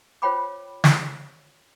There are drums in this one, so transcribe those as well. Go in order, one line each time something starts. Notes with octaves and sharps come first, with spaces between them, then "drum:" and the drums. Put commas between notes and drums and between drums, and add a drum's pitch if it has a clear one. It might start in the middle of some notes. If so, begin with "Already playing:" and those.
F4 C5 C#5 G5 B5 D6
drum: snare